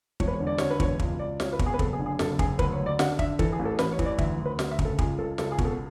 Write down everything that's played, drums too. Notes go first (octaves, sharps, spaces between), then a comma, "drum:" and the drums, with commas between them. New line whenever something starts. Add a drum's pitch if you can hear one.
E1 C#5, drum: kick
B4
C#5
D3
D5
D3 C#5, drum: snare
B4
E1 C#5, drum: kick
C#2, drum: kick
C#2 D5
C#2 C#5, drum: snare
B4
B2, drum: kick
G#4
B4
F#1 A4, drum: kick
G#4
D3
G#4
F#1 A4, drum: snare
F#1 G#4, drum: kick
D2 B4, drum: kick
C#5
D2
D5
D3 F#5, drum: snare
D3 E5, drum: kick
E3 A4, drum: kick
G#4
A1
A4
A1 B4, drum: snare
C#5
E3, drum: kick
D5
D2 E5, drum: kick
D2
B4
D2, drum: snare
E5
C#3, drum: kick
A4
C#2 G#4, drum: kick
C#2 A4
C#2 A4, drum: snare
G#4
B2, drum: kick
A4